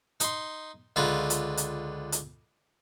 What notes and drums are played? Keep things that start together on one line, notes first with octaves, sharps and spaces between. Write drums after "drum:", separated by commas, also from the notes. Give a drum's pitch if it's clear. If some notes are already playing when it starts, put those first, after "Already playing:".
D#4 C6, drum: hi-hat
C#2 D3 F4 B4 G#5 A#5
drum: hi-hat
drum: hi-hat
drum: hi-hat